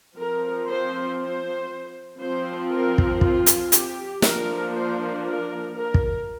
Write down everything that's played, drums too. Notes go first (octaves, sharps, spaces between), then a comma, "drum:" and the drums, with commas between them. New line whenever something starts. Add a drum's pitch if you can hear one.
F3 C4 A#4
C5
C5
F3 C4 C5
A#4
drum: kick
F4, drum: kick
drum: hi-hat
G4, drum: hi-hat
F3 A#3 D4 A#4, drum: snare
C5
A#4
A#4
drum: kick